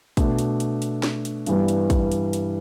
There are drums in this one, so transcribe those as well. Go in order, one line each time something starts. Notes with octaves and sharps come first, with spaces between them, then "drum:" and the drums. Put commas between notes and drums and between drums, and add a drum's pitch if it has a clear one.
B2 A3 D4, drum: kick, hi-hat
drum: hi-hat
drum: hi-hat
drum: hi-hat
drum: snare
drum: hi-hat
G2 E3 G3 B3, drum: hi-hat
drum: hi-hat
drum: kick, hi-hat
drum: hi-hat
drum: hi-hat